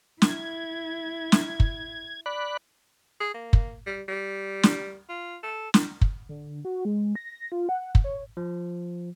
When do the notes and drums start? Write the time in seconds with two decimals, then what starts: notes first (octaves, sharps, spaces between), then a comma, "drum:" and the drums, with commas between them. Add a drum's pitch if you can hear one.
0.22 E4 G#6, drum: snare
1.32 drum: snare
1.60 drum: kick
2.26 D5 B5 F#6
3.20 G#4
3.34 A#3
3.53 drum: kick
3.86 G3
4.08 G3
4.63 drum: snare
5.09 F4
5.43 A4
5.74 drum: snare
6.01 drum: kick
6.29 D3
6.65 F#4
6.85 G#3
7.15 A#6
7.52 F4
7.69 F#5
7.95 drum: kick
8.04 C#5
8.37 F3